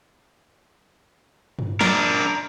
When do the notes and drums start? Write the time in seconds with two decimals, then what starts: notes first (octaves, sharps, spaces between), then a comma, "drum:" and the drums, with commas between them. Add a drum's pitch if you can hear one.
1.59 drum: tom G2
1.81 D4 A#4, drum: snare